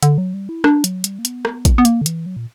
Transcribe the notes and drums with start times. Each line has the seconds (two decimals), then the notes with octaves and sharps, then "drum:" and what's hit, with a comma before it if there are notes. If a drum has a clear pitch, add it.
0.03 D3, drum: hi-hat
0.18 F#3
0.34 G3
0.49 E4
0.64 D4, drum: rim click
0.84 F#3, drum: hi-hat
1.04 G3, drum: hi-hat
1.19 A#3
1.25 B3, drum: hi-hat
1.45 drum: rim click
1.65 drum: kick A1, hi-hat
1.78 B3
1.85 A#3, drum: hi-hat
2.01 D3
2.06 E3, drum: hi-hat
2.26 F#3
2.37 A#2